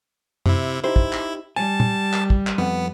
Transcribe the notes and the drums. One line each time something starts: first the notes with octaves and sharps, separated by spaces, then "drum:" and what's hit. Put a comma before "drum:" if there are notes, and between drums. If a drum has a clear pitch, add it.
C3 E4, drum: tom F#2
D#4 E4 G4 C5
drum: kick
drum: clap
G3 G#5 A5
drum: tom A#2
drum: clap
drum: kick
drum: clap
F2 B3 F#5